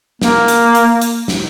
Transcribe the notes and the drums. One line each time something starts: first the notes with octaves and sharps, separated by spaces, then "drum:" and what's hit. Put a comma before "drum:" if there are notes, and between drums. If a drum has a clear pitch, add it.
A#3, drum: snare
drum: hi-hat
drum: hi-hat
drum: hi-hat
drum: snare